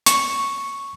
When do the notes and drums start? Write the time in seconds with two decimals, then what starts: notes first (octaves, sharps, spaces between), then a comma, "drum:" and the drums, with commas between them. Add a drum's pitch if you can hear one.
0.06 C#6, drum: hi-hat